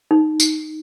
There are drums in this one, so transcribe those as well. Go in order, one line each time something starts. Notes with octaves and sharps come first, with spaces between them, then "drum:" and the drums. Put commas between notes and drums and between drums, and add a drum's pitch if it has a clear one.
D#4
drum: tambourine